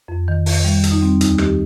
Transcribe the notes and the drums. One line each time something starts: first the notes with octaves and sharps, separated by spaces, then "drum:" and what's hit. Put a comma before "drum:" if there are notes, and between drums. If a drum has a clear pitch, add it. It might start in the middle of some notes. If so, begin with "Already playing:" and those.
F2
D#3
F2, drum: open hi-hat
G3
F2, drum: hi-hat
D#4
G3 C4
D#2 D#4, drum: hi-hat
D#3 G4, drum: rim click